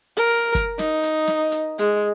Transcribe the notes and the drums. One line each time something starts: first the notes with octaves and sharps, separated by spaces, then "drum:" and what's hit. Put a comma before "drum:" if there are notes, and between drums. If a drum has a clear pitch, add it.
A#4
drum: kick, hi-hat
D#4, drum: snare
drum: hi-hat
drum: snare
drum: hi-hat
G#3, drum: hi-hat